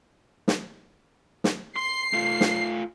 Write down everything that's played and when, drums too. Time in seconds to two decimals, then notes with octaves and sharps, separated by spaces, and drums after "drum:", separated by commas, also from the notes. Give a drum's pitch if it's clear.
0.48 drum: snare
1.44 drum: snare
1.76 C6 C7
2.13 A3 F4
2.41 drum: snare